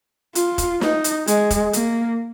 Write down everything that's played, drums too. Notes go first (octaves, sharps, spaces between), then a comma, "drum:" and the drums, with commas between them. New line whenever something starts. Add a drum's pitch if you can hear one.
F4, drum: hi-hat
drum: kick E1, hi-hat
D#4, drum: snare
drum: hi-hat
G#3, drum: hi-hat
drum: kick E1, hi-hat
A#3, drum: hi-hat